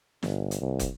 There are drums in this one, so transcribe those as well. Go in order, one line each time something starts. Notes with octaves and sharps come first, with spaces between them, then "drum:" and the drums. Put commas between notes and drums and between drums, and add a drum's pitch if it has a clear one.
G1, drum: snare
drum: hi-hat
C2
drum: kick, hi-hat